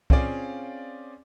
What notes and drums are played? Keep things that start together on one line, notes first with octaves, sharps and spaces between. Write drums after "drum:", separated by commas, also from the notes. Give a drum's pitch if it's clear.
C4 C#4 F4 G#4 D5 F5, drum: kick